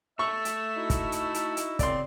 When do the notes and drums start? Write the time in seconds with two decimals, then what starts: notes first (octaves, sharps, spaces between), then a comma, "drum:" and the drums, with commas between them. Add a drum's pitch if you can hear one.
0.19 A3 E5 C#6 E6
0.45 drum: hi-hat
0.76 D#4 E4 F#4
0.90 drum: kick, hi-hat
1.12 drum: hi-hat
1.34 drum: hi-hat
1.57 drum: hi-hat
1.79 F#2 C#3 C4 D5 C6, drum: kick, hi-hat